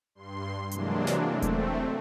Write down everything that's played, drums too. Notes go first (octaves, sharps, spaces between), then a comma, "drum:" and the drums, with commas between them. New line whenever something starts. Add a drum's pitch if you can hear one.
G2 C6
C3 E3 F#3 G#3 A#3 D4, drum: hi-hat
drum: snare
A3 C4
drum: kick E1, hi-hat